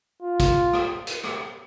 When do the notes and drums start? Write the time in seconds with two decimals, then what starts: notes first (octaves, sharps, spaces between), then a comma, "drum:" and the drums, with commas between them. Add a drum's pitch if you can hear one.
0.22 F4
0.40 drum: kick, hi-hat
0.73 drum: rim click
1.07 drum: hi-hat
1.24 drum: rim click